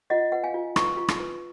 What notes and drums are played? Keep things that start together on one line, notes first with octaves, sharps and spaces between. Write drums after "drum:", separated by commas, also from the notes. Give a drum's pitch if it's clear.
F4 D#5 F#5
B4 F#5
F5 G#5
F4
B4 A#5 C#6, drum: rim click
F4
drum: rim click
B4